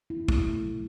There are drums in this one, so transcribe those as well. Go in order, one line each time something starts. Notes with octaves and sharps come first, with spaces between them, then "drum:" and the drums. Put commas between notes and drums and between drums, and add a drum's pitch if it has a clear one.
E4
A3, drum: kick
B2
F#3